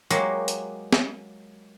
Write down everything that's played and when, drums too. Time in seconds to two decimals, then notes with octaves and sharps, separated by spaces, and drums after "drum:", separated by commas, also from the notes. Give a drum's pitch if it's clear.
0.11 F#3 G#3 A#3 G4 C#5, drum: hi-hat
0.48 drum: hi-hat
0.93 drum: snare